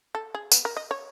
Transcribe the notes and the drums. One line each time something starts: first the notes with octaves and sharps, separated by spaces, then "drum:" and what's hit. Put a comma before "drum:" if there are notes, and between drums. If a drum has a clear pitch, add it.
A4
G#4
B3, drum: tambourine
A#4
D#5
C#5